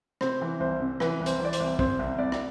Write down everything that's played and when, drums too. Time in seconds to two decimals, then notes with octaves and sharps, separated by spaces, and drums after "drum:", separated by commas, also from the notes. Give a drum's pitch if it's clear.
0.21 C3 C5, drum: rim click
0.41 E3
0.60 C2 C5
0.80 C3
1.00 E3 B4, drum: rim click
1.20 C2
1.26 C5, drum: hi-hat
1.39 E3
1.45 D5
1.53 C5, drum: hi-hat
1.60 C2
1.79 C3 C5, drum: kick
1.99 C2
2.18 C2 D5
2.32 drum: rim click